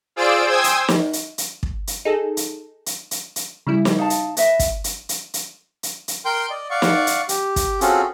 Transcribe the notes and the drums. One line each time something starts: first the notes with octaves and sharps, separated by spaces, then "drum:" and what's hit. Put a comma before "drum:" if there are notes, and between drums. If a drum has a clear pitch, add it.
F4 G#4 C5 D5 E6 D7
C5 G5 G#5 D#6 E6 G#6
drum: hi-hat
drum: snare
drum: hi-hat
drum: hi-hat
drum: kick
drum: hi-hat
D#4 G#4 A4
drum: hi-hat
drum: hi-hat
drum: hi-hat
drum: hi-hat
C#3 G3 E4
drum: snare
D#4 F5 A5
drum: hi-hat
B4 D#5 E5, drum: hi-hat
drum: kick, hi-hat
drum: hi-hat
drum: hi-hat
drum: hi-hat
drum: hi-hat
drum: hi-hat
A#4 G5 C6 G6
D5 D#5
D5 F5 F#5 C#6
drum: snare
drum: hi-hat
G4, drum: hi-hat
drum: kick, hi-hat
C4 C#4 F4 F#4 G#4 A4, drum: hi-hat